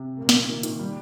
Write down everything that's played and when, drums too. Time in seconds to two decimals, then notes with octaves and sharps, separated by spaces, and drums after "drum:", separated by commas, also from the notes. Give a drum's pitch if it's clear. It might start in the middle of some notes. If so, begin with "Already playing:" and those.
Already playing: C3
0.18 A#2 A#3
0.29 drum: snare
0.49 D#3
0.63 D#3, drum: hi-hat
0.79 G3